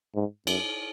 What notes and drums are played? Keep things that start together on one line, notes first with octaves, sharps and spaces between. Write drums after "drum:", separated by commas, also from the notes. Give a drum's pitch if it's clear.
G#2
F#2, drum: cymbal